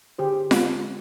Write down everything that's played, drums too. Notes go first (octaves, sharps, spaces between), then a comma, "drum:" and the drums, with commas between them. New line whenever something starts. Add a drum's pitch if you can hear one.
D3 G4 G#4 C5
G#3, drum: snare F4